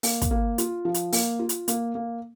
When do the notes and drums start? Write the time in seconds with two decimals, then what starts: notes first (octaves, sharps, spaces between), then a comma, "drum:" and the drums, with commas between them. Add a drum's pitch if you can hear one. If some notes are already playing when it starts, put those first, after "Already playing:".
0.03 A#3, drum: open hi-hat
0.22 drum: kick, hi-hat
0.31 A#3
0.58 F4, drum: hi-hat
0.85 F3
0.94 drum: hi-hat
1.13 A#3, drum: open hi-hat
1.39 F4
1.49 drum: hi-hat
1.68 A#3, drum: hi-hat
1.95 A#3